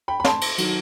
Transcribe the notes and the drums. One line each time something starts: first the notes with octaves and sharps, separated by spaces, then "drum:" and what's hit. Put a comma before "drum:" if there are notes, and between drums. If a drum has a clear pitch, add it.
G5 B5
B5
A5 C6, drum: snare
drum: cymbal
D#3 F#3, drum: cymbal